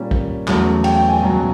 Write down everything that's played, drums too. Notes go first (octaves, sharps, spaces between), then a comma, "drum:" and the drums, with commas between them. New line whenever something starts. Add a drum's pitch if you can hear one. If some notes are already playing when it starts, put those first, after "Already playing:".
Already playing: A#2 G3 A#3 C#4
drum: kick
E2 C#3 F#3 A3, drum: clap
G5, drum: cymbal
G5
G#5
C#2 B2 F#3